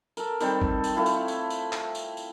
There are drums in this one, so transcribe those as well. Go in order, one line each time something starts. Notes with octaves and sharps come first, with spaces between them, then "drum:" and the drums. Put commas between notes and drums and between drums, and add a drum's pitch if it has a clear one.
A4 A#4, drum: tambourine
D#3 G3 C4 A4, drum: tambourine
drum: kick G#1
drum: tambourine
A3 E4 F4
drum: tambourine
drum: tambourine
drum: tambourine
drum: clap
drum: tambourine
drum: tambourine